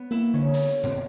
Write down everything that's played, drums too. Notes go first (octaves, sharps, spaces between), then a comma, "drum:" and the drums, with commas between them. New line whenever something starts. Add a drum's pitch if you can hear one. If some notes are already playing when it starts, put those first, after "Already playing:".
Already playing: B3
A#3 E4
D3 C#4
drum: hi-hat
drum: tom A#2